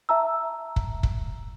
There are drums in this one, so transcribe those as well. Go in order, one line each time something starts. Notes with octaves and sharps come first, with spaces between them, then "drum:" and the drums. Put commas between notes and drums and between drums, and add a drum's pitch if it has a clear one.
E5 A5 A#5 E6
drum: kick
drum: kick